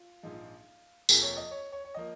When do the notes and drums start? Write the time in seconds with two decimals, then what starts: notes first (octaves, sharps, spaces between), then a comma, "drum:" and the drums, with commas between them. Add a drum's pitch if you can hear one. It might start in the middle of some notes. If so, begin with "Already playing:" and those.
Already playing: F4
0.23 A#1 G#2 F3 G#3
1.09 F1 F2 F3 A#3 G#4, drum: tambourine
1.22 C#5
1.37 D#5
1.51 C#5
1.72 C#5
1.85 C#5
1.95 F3 A#3 D#5